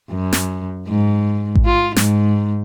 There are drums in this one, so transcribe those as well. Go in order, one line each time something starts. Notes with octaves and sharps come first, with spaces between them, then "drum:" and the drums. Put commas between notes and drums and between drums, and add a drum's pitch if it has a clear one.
F#2
drum: snare
G#2
drum: kick A1
F4
G#2, drum: snare